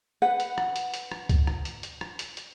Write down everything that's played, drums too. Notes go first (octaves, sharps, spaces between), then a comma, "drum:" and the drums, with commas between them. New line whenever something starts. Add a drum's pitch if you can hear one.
B4 F#5
drum: hi-hat
drum: rim click
drum: hi-hat
drum: hi-hat
drum: rim click
drum: kick C#2, hi-hat
drum: rim click
drum: hi-hat
drum: hi-hat
drum: rim click
drum: hi-hat
drum: hi-hat